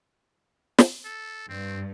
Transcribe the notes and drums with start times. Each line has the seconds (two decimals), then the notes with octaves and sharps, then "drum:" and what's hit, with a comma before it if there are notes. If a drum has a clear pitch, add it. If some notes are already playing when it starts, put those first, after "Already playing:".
0.78 drum: snare
1.05 A4
1.49 G2 C4